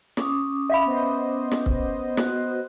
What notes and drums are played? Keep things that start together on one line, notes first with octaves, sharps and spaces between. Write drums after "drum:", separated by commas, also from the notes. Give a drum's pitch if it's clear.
C#4 D6 D#6, drum: snare
E5 F5 B5
B3 C5 D#5
drum: snare
drum: kick C#1
F#4, drum: snare